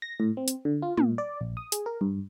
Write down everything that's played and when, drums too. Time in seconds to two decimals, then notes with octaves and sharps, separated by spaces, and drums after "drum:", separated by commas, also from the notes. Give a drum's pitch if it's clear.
0.02 A#6
0.20 A2
0.37 C4
0.48 drum: hi-hat
0.65 D3
0.82 F4
0.97 A#2, drum: tom
1.18 D5
1.41 A#1
1.57 D#6
1.72 G#4, drum: hi-hat
1.86 A#4
2.01 G2